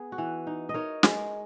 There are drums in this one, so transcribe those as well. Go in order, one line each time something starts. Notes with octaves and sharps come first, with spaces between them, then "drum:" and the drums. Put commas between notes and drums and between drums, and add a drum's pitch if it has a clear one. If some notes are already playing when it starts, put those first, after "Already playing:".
Already playing: B3 G#4
F#4
E3
D#4
D#5
D#4 A#4 C#5
G#3, drum: snare